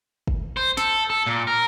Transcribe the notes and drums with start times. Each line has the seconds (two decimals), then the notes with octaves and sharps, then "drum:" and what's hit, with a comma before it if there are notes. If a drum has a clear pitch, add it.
0.27 drum: kick
0.57 C5
0.77 A4, drum: snare
1.10 A4
1.27 A#2
1.47 A#4